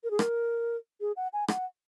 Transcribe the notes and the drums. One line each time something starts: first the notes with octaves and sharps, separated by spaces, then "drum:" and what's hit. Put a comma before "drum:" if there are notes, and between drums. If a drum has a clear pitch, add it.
A#4
G#4
A#4, drum: rim click
G#4
F#5
G#5
F#5, drum: rim click